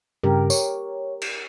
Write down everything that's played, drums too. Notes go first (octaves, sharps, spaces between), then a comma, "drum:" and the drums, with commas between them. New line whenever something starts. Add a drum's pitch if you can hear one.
G2 C#3 G4 A#4
C#5, drum: tambourine
drum: cymbal